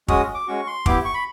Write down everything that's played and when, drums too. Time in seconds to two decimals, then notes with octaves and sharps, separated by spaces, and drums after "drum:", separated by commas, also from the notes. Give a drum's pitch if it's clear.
0.08 G#3 C#4 F#4 D#6, drum: kick
0.34 D6
0.47 G#3 C#4 F#4 C#6
0.67 C6
0.86 B3 E4 G4 D6, drum: kick
1.05 C#6
1.14 B5